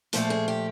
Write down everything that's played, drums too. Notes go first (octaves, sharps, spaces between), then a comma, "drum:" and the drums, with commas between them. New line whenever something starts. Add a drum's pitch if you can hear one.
A#2 F3 A3 A4, drum: hi-hat
G#4
G4